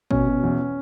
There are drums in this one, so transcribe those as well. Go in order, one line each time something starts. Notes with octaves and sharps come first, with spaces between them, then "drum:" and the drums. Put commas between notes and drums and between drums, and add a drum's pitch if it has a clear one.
B2 C#4, drum: kick
B2
E2